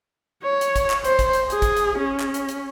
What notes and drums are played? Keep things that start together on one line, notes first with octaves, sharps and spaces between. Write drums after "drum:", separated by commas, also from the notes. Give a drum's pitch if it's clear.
C#5
drum: hi-hat
drum: kick, hi-hat
drum: clap
C5, drum: hi-hat
drum: kick, hi-hat
drum: hi-hat
G#4, drum: hi-hat
drum: kick, hi-hat
drum: hi-hat
C#4
drum: clap
drum: hi-hat
drum: hi-hat